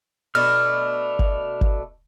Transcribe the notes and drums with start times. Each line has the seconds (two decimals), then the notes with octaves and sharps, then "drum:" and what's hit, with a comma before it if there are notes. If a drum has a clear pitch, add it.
0.35 B2 A3 D4 F6
1.19 drum: kick G#1
1.61 drum: kick G#1